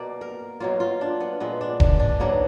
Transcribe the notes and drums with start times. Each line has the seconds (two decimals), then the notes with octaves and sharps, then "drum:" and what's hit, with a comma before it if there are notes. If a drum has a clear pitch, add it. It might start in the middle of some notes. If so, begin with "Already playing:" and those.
Already playing: B2 A#3 D5
0.21 A#4
0.60 B2 F#3 A#3 F4
0.80 F4
1.01 D4
1.20 B3
1.40 A#2 G#3 B3
1.61 D4
1.80 D4, drum: kick E1
2.00 D4
2.20 G#2 F#3 A#3 B3